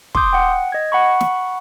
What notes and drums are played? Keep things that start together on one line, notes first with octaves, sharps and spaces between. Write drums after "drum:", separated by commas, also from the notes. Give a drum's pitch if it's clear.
C6 D6 D#6 G6, drum: kick
F#5 G5
D#5 G#6
F#5 B5 C#6
drum: snare